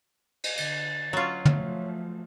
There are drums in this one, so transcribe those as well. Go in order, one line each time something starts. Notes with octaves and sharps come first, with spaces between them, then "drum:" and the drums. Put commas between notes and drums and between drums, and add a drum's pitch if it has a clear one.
drum: cymbal
D3 A6, drum: cymbal
F#3 C#4 F4 C#5
F3 A3 E5, drum: tom